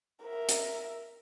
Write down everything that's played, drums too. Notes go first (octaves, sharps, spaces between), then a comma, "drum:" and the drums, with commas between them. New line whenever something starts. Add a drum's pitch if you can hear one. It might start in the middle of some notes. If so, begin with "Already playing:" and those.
A#4 E5
drum: hi-hat